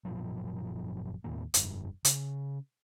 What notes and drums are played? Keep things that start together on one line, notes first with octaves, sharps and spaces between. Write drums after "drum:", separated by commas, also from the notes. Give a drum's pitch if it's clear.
F#1 A#2 F3 F#3
D#2 A2 D#3 A#3
F1 G2, drum: hi-hat
C#3, drum: hi-hat